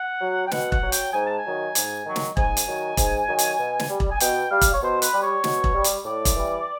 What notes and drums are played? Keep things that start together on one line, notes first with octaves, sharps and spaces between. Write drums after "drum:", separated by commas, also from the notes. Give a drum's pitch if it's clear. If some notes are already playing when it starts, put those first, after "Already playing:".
Already playing: F#5
F#3
G5
B2 F#5, drum: snare
F#5, drum: kick E1
F#3
G5, drum: hi-hat
G#2 G#5
A5
G#5
D#3 F#3
G#2, drum: hi-hat
D#3 F#3
drum: snare
G#2 G#5, drum: kick E1
drum: hi-hat
D#3 F#3
G#2, drum: kick E1, hi-hat
D#3 F#3
drum: hi-hat
B2
drum: snare
G3
drum: kick E1
G#5
B2 G5, drum: hi-hat
G3 F5
drum: kick E1, hi-hat
C#5
B2 C5
B4, drum: hi-hat
G3
C#5
B2, drum: snare
drum: kick E1
G3
drum: hi-hat
A2 D5
drum: kick E1, hi-hat
E3 G3